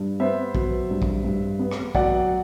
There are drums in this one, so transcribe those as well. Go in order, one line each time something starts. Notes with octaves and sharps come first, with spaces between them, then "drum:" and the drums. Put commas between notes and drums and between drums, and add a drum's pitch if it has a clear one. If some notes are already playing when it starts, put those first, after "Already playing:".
Already playing: G2
B3 C5 E5
F#3, drum: kick
G2
drum: kick
G2
B3
drum: rim click
F#3 D5 F#5, drum: kick